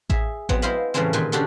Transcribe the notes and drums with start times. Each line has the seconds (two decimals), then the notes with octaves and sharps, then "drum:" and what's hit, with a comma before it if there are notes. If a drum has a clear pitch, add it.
0.10 G#4 E5, drum: kick A1
0.49 F#3 B3 C4, drum: kick A1
0.62 E4 C5 D#5 F5 B5
0.94 A2 C#3 E3 G3 G#3 C4
1.13 A#2 D#3 B4 G5 G#5 C6
1.32 C#3 D4 F#4 G4 A4 C6